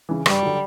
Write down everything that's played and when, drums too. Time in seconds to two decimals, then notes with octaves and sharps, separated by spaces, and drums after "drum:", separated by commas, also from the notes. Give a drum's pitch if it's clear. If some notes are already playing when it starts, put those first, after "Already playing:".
0.09 C#3 E3
0.26 G2 G3, drum: rim click
0.43 D3 F#3